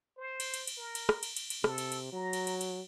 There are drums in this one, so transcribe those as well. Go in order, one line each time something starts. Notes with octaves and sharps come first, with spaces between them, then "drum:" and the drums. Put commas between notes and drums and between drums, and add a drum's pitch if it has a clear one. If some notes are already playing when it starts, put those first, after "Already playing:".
C5
drum: cymbal
drum: cymbal
drum: cymbal
A#4
drum: cymbal
drum: rim click
drum: cymbal
drum: cymbal
drum: cymbal
C3 A4, drum: rim click
drum: cymbal
drum: cymbal
F#3 A#5
drum: cymbal
drum: cymbal
drum: cymbal